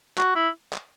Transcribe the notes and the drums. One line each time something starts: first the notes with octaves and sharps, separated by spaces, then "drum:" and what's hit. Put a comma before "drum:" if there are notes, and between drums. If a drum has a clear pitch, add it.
F#4, drum: clap
E4
drum: clap